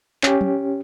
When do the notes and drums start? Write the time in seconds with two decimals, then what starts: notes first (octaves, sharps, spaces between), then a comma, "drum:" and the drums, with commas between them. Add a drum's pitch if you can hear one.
0.23 C#4 G4, drum: clap
0.41 drum: tom